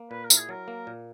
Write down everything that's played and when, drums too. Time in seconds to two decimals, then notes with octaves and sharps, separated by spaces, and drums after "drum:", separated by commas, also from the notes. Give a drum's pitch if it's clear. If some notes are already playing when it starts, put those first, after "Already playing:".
Already playing: A#3
0.10 A#2 B4
0.24 A#4
0.30 E4, drum: tambourine
0.37 G#4
0.49 F#3 A#4
0.68 A#3
0.87 A#2